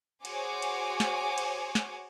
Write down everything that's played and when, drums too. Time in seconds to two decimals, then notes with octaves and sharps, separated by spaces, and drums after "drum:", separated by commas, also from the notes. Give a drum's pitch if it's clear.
0.25 F#4 G#4 C5 C#5 G#5 D6, drum: cymbal
0.62 drum: cymbal
1.00 drum: snare
1.38 drum: cymbal
1.75 drum: snare